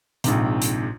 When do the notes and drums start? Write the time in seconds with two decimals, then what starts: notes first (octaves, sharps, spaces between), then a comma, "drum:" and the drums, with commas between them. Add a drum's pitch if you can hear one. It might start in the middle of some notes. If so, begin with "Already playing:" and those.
0.24 A#1 G#2 C3, drum: hi-hat
0.62 drum: hi-hat